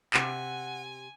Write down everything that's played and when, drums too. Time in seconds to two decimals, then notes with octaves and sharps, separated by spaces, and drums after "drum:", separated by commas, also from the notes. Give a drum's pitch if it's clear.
0.14 C3 F#5 G#5, drum: clap